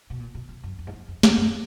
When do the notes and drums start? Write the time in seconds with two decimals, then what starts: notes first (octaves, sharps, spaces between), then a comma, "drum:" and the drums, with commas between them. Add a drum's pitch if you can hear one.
0.10 B2
0.19 A#2
0.35 B2
0.49 F2
0.64 F#2
0.79 F2
0.87 G#2
0.93 F#2
1.08 F2
1.23 F#2, drum: snare
1.37 F#2